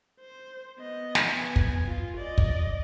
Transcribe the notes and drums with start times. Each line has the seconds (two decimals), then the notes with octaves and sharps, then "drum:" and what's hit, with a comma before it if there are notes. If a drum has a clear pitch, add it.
0.21 C5
0.78 B3 D#5
1.15 drum: snare
1.34 B3 G#5
1.56 drum: kick
1.88 F4
2.17 D5 D#5
2.38 drum: kick